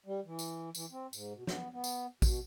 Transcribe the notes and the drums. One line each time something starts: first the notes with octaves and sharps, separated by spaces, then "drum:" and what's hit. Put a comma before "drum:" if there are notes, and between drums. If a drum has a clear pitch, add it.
G3
E3
drum: tambourine
E3, drum: tambourine
C4
G#2, drum: tambourine
B2
B3, drum: snare
B3
drum: tambourine
B2, drum: kick A1, tambourine